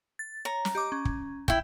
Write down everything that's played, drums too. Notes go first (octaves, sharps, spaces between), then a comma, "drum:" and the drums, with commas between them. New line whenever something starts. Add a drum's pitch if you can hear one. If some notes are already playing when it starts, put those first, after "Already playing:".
A6
C#5 A#5
drum: snare
G4 D#5 D6
C#4
drum: kick
E4 G5, drum: kick